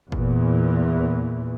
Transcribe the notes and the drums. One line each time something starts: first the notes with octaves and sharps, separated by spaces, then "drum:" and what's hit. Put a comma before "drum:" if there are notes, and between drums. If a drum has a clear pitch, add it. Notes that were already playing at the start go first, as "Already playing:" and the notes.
E2 A#2 E3, drum: kick